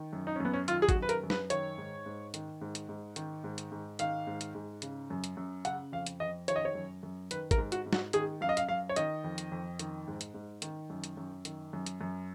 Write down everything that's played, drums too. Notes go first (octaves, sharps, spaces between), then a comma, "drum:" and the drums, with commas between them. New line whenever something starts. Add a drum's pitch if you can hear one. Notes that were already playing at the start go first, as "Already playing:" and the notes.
Already playing: D#3
F#2
D#4
C#4
F#2 B3
C#4
D#3 F4, drum: hi-hat
G#4
F#4, drum: kick A1, hi-hat
F#2
B4
A#4, drum: hi-hat
F#2
B4, drum: snare
D#3 C#5, drum: hi-hat
G#2
G#2
D#3, drum: hi-hat
G#2
drum: hi-hat
G#2
D#3, drum: hi-hat
G#2
drum: hi-hat
G#2
D#3 F5, drum: hi-hat
G#2
drum: hi-hat
G#2
C#3, drum: hi-hat
F#2
drum: hi-hat
F#2
C#3 F#5, drum: hi-hat
F2 F5
drum: hi-hat
F2 D#5
D#3 C#5, drum: hi-hat
D#5
C#5
F#2
F#2
D#3 B4, drum: hi-hat
A#4, drum: kick A1, hi-hat
G#2
F#4, drum: hi-hat
G#2
F#4, drum: snare
D#3 G#4, drum: hi-hat
F#2 F5
D#5
F5, drum: hi-hat
F#2 F5
C#5
D#3 D#5, drum: hi-hat
F2
drum: hi-hat
F2
D#3, drum: hi-hat
G#2
drum: hi-hat
G#2
D#3, drum: hi-hat
F#2
drum: hi-hat
F#2
D#3, drum: hi-hat
F#2
drum: hi-hat
F#2